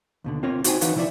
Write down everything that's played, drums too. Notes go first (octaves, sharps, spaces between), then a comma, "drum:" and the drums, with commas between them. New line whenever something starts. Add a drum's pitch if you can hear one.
D#2 B2 D3
C4 F4 A#4 C#5
D#4 F#4 C5 D5 G5 G#5, drum: hi-hat
E3 D#4 B4 C#5 F5 F#5, drum: hi-hat
C2 F3 E4 F#4 D5 E5